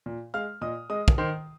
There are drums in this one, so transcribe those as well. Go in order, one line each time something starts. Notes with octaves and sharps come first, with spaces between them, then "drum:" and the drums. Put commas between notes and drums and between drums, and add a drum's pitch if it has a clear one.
A#2
G#3 F5 F6
A#2 D#5 D#6
G#3 D#5 D#6
drum: kick
D#3 C5 C6